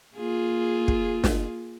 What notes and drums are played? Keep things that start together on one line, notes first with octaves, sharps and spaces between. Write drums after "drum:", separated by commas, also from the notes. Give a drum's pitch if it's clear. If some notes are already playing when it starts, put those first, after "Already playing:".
A#3 F4 G#4
drum: kick
drum: snare